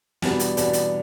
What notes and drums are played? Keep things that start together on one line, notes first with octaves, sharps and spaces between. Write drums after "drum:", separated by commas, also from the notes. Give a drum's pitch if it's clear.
E2 B2 G3 B3 D4, drum: snare
drum: hi-hat
E2 B2 G3 B3 D4, drum: hi-hat
drum: hi-hat